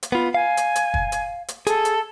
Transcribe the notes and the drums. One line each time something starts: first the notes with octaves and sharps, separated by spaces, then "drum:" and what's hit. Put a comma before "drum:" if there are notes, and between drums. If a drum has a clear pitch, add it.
drum: hi-hat
B3 F4 B5
F5 G#5
drum: hi-hat
drum: hi-hat
drum: kick
drum: hi-hat
drum: hi-hat
G#4 A4, drum: hi-hat
drum: hi-hat